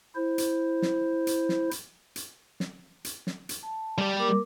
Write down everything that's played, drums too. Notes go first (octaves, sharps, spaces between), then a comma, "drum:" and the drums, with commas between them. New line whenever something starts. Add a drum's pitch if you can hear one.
E4 C5
drum: hi-hat
drum: snare
drum: hi-hat
drum: snare
drum: hi-hat
drum: hi-hat
drum: snare
drum: hi-hat
drum: snare
drum: hi-hat
A5
G3 G4
A#3 A#4 D6